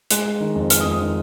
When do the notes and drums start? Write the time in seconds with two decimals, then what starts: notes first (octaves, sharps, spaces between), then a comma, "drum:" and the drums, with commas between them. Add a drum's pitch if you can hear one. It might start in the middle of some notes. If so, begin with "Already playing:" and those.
0.11 G#3 F#6, drum: hi-hat
0.26 G#3
0.40 D#3
0.55 F2
0.70 G#3 F6, drum: hi-hat
0.80 D#6
0.85 F2
0.91 D#6
1.01 D#3